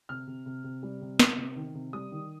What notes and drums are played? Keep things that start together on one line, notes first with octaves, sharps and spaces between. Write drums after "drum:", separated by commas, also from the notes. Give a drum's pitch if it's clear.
C3 F6
C3
C3
C3
G3
C3
C3, drum: snare
C3
D#3
C3
G3 D#6
D#3